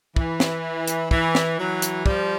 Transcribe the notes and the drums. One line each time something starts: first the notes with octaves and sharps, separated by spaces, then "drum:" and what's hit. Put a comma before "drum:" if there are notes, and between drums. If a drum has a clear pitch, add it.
E3, drum: kick
drum: snare
drum: hi-hat
E3, drum: kick
drum: snare
E3 F#3
drum: hi-hat
F3 G3, drum: kick